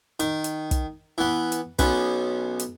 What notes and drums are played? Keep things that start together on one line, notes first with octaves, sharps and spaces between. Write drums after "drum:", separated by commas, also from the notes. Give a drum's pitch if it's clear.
D#3, drum: hi-hat
drum: hi-hat
drum: kick, hi-hat
E3 B3
drum: hi-hat
B1 B2 C#4 B4, drum: kick, hi-hat
drum: hi-hat